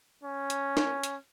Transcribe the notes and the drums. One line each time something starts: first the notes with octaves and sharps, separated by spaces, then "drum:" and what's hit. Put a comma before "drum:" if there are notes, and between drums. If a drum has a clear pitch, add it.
C#4
drum: hi-hat
drum: snare
drum: hi-hat